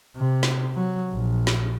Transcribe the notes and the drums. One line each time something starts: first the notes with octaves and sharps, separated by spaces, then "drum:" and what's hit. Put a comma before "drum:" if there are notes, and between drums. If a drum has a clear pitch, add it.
C3
drum: snare
F#3
A#1
drum: snare